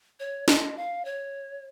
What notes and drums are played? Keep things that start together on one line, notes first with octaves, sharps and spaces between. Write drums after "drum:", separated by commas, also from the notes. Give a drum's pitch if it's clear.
C#5
D#5, drum: snare
F5
C#5